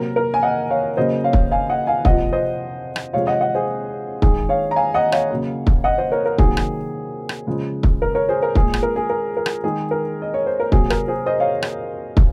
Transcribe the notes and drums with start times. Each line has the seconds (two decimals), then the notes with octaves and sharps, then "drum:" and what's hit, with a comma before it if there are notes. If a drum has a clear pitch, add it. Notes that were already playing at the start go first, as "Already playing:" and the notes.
Already playing: C3 F#3 A#3 A#4
0.16 A#4
0.34 G#5
0.43 D#5 F#5
0.70 C#5 F5
0.97 C#3 F#3 A#3 C5 D#5
1.24 C#5 F5
1.33 drum: kick
1.51 F5 G#5
1.69 D#5 F#5
1.87 F5 G#5
2.05 C3 F3 A#3 D#5 F#5, drum: kick
2.32 C5 D#5
2.96 drum: rim click
3.13 C3 F3 G#3 C#5 F5
3.27 D#5 F#5
3.41 D#5 F#5
3.54 G#4 C5
4.22 D#3 G#3 G#4, drum: kick
4.49 C#5 F5
4.71 A#5
4.76 F5 G#5
4.94 D#5 F#5
5.12 C#5 F5, drum: rim click
5.30 C#3 F#3 A#3
5.67 drum: kick
5.84 D#5 F#5
5.98 C5 D#5
6.12 A#4 C#5
6.26 A#4
6.38 C3 D#3 F#3 A#3 G#4, drum: kick
6.57 drum: rim click
7.29 drum: rim click
7.47 C#3 F3 G#3
7.83 drum: kick
8.02 A#4
8.15 A#4 C#5
8.29 G#4 C5
8.43 A#4
8.55 A#2 G#3 G#4, drum: kick
8.74 drum: rim click
8.83 A#4
8.96 G#4
9.10 A#4
9.37 A#4
9.46 drum: rim click
9.63 D#3 G#3 G#4
9.91 A#4
10.22 D#5
10.34 C#5
10.46 C5
10.60 A#4
10.72 C3 F#3 A#3 G#4, drum: kick
10.90 A#4, drum: rim click
11.08 G#4 C5
11.26 C5 D#5
11.40 C#5 F5
11.62 drum: rim click
12.17 drum: kick